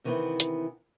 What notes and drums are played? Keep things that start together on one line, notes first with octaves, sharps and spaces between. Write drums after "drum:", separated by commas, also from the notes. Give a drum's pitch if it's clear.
C3 D#3 E3 B3 C4 E4
drum: hi-hat